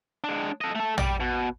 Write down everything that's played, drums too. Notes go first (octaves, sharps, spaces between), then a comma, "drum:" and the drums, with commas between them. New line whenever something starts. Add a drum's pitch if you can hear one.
G#3 D4
A4 D#5
A3 A4
G3 D5, drum: tom A#1
B2